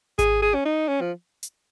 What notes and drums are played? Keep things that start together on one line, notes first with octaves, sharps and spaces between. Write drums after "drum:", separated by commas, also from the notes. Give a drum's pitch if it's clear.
G#4, drum: kick G#1, hi-hat
G#4
C#4
D#4
C#4
F3
drum: hi-hat